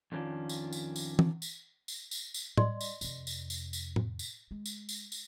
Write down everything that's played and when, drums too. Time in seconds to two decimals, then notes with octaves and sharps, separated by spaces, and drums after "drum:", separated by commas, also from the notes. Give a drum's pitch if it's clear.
0.12 F2 D#3 C#4 D4 F4
0.49 drum: tambourine
0.73 drum: tambourine
0.96 drum: tambourine
1.19 drum: tom E3
1.42 drum: tambourine
1.88 drum: tambourine
2.11 drum: tambourine
2.34 drum: tambourine
2.58 G3 D5 D#5 C6, drum: tom A2
2.81 drum: tambourine
3.01 F2 C3, drum: tambourine
3.27 drum: tambourine
3.50 drum: tambourine
3.73 drum: tambourine
3.96 drum: tom A2
4.19 drum: tambourine
4.51 G#3
4.66 drum: tambourine
4.89 drum: tambourine
5.12 drum: tambourine